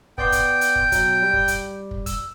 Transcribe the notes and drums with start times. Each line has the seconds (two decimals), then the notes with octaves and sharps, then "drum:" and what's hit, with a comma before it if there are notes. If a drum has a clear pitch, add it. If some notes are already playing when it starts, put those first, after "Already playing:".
0.18 B3 D5 G5 C6, drum: kick
0.32 drum: kick, hi-hat
0.61 drum: hi-hat
0.76 drum: kick
0.92 B2 F#3, drum: kick, hi-hat
1.22 G3
1.33 drum: kick
1.48 drum: kick, hi-hat
1.91 drum: kick
2.06 E6, drum: kick, hi-hat